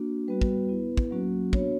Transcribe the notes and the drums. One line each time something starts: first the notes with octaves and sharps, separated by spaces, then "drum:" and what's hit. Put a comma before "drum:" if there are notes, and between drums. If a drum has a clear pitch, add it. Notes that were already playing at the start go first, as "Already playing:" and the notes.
Already playing: A#3 D4 F#4
G3 B3 F#4 B4
drum: kick
B3 E4
drum: kick
F#3 A#3 C#4 F#4
B3 D4 F#4 C#5, drum: kick